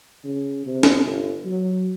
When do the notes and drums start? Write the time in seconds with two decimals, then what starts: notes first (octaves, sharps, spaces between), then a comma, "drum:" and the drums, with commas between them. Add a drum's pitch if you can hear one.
0.24 C#3
0.66 C3
0.83 drum: snare
1.05 G1
1.45 F#3